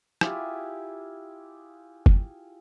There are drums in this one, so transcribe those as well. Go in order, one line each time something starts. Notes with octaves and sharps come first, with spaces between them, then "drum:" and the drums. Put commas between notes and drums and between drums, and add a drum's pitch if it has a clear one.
E4 F4 G4 G#4, drum: rim click
drum: kick